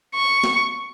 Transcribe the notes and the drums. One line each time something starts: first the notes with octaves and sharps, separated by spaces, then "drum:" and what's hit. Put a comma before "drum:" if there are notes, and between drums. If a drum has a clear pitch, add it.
C#6
drum: snare